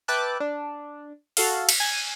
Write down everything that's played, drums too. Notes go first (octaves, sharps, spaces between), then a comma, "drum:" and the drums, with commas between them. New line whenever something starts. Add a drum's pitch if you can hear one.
B4 E5 G5 A5 D6 F#6
D4
F#4 A4 F5, drum: open hi-hat
drum: cymbal
G#5